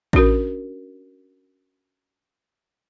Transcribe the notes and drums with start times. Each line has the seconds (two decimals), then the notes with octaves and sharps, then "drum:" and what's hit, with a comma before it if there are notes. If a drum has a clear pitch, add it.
0.13 C#4 D4 F#4 A#4, drum: kick A1